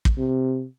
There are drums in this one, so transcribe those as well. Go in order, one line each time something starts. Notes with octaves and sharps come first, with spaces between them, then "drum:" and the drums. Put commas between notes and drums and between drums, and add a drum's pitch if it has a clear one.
drum: kick
C3